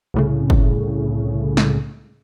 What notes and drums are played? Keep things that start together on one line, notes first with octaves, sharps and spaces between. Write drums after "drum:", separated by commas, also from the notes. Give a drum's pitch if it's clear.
C2 A2 C#3
drum: kick
drum: snare